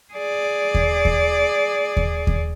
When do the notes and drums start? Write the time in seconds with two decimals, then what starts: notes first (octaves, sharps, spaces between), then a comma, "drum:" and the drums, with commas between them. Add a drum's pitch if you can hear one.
0.13 G#4 D5
0.74 drum: kick D#2
1.05 drum: kick D#2
1.97 drum: kick D#2
2.27 drum: kick D#2